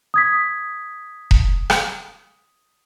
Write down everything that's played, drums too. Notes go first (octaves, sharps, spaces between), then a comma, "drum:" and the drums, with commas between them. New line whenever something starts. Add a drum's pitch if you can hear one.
D#6 G#6 B6
drum: kick E1
drum: rim click